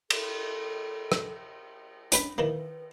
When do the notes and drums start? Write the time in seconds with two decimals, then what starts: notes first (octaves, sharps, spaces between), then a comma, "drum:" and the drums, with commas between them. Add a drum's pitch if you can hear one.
0.10 A4, drum: cymbal
1.12 drum: rim click
2.12 C#4 D4 B4 B5, drum: hi-hat
2.38 D#3 E3 A#3 B4